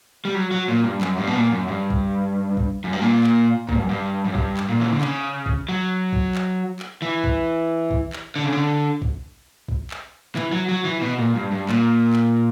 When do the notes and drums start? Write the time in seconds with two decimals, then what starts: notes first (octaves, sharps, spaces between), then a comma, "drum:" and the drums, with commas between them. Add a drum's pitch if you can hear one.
0.25 G3
0.35 F#3
0.51 F#3
0.68 A#2
0.84 G2
1.01 F#2, drum: clap
1.18 G2
1.27 B2
1.35 A#2
1.52 F#2
1.68 G2
1.90 drum: kick
2.57 drum: kick
2.84 F#2
2.93 G2
3.01 A#2
3.24 drum: clap
3.69 A#2, drum: kick
3.76 G2
3.82 F#2
3.90 G2
4.25 F#2
4.35 G2, drum: kick
4.57 drum: clap
4.69 A#2
4.80 E3
4.91 D3
5.01 C#3, drum: clap
5.46 drum: kick
5.69 F#3
6.13 drum: kick
6.35 drum: clap
6.79 drum: clap
7.02 E3
7.24 drum: kick
7.91 drum: kick
8.13 drum: clap
8.36 D3
8.44 C#3
8.52 D3
9.02 drum: kick
9.68 drum: kick
9.91 drum: clap
10.36 E3, drum: clap
10.52 F#3
10.69 F#3
10.85 E3
11.01 B2
11.19 A#2
11.36 G2
11.52 G2
11.69 A#2, drum: clap
12.13 drum: clap